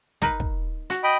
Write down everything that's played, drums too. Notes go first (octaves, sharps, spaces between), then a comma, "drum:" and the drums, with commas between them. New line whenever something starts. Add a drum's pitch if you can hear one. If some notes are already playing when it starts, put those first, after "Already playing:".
D#4 A#4 B4, drum: snare
drum: kick
F#4, drum: hi-hat
D#5 G5 B5